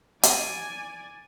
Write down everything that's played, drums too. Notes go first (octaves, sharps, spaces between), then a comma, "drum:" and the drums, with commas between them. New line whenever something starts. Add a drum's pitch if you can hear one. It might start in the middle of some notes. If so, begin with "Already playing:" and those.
D5 G#5, drum: hi-hat